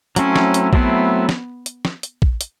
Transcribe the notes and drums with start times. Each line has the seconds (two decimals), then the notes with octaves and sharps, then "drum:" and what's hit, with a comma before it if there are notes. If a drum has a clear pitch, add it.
0.16 F#3 A3 C4 C#4 E4, drum: hi-hat
0.36 drum: snare
0.54 drum: hi-hat
0.73 F#3 A3 B3 C4 E4, drum: kick A#1
1.29 drum: snare
1.66 drum: hi-hat
1.85 drum: snare
2.03 drum: hi-hat
2.22 drum: kick A#1
2.41 drum: hi-hat